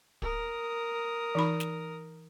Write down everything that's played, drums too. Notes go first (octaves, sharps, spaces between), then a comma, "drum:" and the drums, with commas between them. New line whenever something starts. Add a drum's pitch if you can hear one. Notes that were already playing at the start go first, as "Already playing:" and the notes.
A#4 D#6, drum: kick
E3 D#4 B5
drum: snare